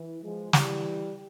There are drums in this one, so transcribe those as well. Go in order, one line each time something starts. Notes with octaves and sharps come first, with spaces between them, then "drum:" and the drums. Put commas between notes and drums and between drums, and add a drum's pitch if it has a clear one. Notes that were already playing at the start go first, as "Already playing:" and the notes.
Already playing: E3
F3 G#3
E3 G3, drum: snare